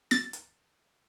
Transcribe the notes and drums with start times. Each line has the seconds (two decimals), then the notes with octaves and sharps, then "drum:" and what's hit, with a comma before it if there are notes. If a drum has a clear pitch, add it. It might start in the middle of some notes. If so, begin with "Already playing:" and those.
0.11 A6, drum: snare
0.33 drum: hi-hat